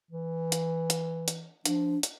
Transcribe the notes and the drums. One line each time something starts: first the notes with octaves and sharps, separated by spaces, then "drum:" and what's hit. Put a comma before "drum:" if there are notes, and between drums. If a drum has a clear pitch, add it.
E3
drum: hi-hat
drum: hi-hat
drum: hi-hat
F3 D4, drum: hi-hat
drum: hi-hat